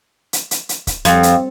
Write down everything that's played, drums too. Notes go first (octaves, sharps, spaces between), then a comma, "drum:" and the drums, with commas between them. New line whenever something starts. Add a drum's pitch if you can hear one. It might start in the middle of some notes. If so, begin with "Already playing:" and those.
drum: hi-hat
drum: hi-hat
drum: hi-hat
drum: kick C#1, hi-hat
F2, drum: hi-hat
drum: hi-hat